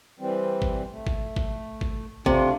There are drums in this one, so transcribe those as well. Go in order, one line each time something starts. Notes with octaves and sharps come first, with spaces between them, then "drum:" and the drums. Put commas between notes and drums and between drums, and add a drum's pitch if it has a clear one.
E3 G3 C4
drum: kick G#1
A3
drum: kick G#1
drum: kick G#1
drum: kick G#1
C3 A3 D4 F4, drum: kick G#1